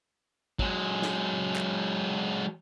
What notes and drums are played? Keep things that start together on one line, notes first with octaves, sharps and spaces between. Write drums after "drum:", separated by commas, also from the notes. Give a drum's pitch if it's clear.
F#3 G#3, drum: kick
drum: snare
drum: clap